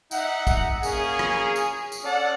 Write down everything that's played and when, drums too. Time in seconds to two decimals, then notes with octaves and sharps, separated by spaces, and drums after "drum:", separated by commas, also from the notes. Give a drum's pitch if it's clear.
0.11 D#4 E5 F#5, drum: tambourine
0.47 drum: kick, tambourine
0.83 A#3 C#4 G#4, drum: tambourine
1.19 drum: rim click
1.56 drum: tambourine
1.92 drum: tambourine
2.03 C#4 A4 D5 F#5 A5